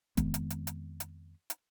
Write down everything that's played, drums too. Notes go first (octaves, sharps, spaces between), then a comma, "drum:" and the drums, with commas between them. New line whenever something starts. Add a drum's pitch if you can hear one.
F2 D#3 G#3 B3, drum: kick D#1, hi-hat
drum: hi-hat
drum: hi-hat
drum: hi-hat
drum: hi-hat
drum: hi-hat